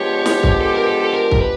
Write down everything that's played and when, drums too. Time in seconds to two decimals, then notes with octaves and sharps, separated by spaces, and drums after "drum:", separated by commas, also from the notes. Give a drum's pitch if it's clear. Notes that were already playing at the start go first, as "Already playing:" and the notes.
Already playing: F3 G#3 B3 D4 G4 C#5
0.26 drum: snare
0.43 drum: kick C2
0.61 A4
0.74 A#4
0.87 A4
1.01 A4
1.14 A#4
1.31 drum: kick C2
1.41 B4